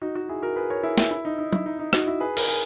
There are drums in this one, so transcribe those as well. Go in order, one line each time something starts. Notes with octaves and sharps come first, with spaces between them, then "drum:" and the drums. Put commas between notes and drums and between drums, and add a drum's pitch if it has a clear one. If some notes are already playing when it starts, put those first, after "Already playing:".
D#4 F#4
D#4 F#4
E4 G#4
F#4 A#4
G#4 B4
A#4 C#5
E4 G#4
E4, drum: snare
E4
D#4
D#4
E4, drum: tom
D#4
D#4
D#4 F#4, drum: rim click
E4
G#4 B4
A#4, drum: cymbal
G#4 B4